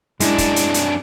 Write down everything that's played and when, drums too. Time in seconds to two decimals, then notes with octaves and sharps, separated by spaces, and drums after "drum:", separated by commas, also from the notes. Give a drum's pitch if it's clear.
0.20 F#2 G#3 D4 E4, drum: hi-hat
0.38 drum: kick, hi-hat
0.56 drum: hi-hat
0.74 drum: hi-hat